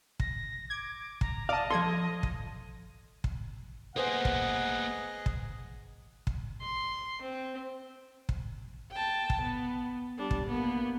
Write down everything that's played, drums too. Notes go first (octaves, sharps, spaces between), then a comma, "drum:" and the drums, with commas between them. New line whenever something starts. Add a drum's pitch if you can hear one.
A#6, drum: kick
D6 G#6
A#5, drum: kick
D5 D#5 F5 A5
F3 A4 C6 G#6
drum: kick
drum: kick
A#3 B3 G#4 B4 C5 D#5 F#5 G#5
drum: kick
drum: kick
drum: kick
C6
C4
drum: kick
G5 A5
drum: kick
B3
G3 D4
drum: kick
A#3 B3